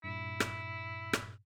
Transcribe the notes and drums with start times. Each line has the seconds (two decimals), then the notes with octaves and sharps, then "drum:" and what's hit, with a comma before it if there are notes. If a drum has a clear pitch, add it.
0.04 G2 A#2 E4
0.40 drum: rim click
1.13 drum: rim click